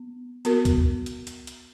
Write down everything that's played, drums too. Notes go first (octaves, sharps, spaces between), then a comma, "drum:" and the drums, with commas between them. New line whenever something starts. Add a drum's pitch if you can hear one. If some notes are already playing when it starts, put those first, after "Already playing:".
Already playing: B3
B3 F#4 A#4, drum: hi-hat
drum: kick C#2, hi-hat
drum: hi-hat
drum: hi-hat
drum: hi-hat